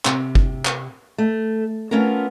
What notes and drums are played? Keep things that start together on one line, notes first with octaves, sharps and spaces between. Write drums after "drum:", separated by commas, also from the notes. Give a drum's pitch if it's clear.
C3, drum: clap
drum: kick
drum: clap
A3
A3 B3 C#4 F4 A4 A#4